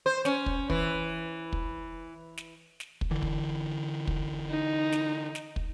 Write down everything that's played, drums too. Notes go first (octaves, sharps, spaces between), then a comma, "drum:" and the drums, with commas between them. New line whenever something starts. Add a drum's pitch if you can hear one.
C5
C#4, drum: snare
drum: kick
E3, drum: kick
drum: kick
drum: snare
drum: snare
drum: kick
D3 E3
drum: kick
drum: kick
D#4
drum: snare
drum: snare
drum: kick